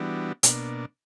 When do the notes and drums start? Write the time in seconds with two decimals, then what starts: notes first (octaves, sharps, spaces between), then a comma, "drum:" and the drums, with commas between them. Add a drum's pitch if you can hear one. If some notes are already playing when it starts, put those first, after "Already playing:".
Already playing: E3 G3 B3 D4 F#4
0.43 B2 A#3 D4, drum: hi-hat